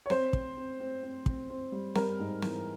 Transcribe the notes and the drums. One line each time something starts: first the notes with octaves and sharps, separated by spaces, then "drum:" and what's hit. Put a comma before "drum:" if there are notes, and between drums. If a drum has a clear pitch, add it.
C#5
C4 C5, drum: snare
C4, drum: kick
C4
C4
C4
C4, drum: kick
C4
G3
G3 A#4, drum: snare
G#2
E3, drum: snare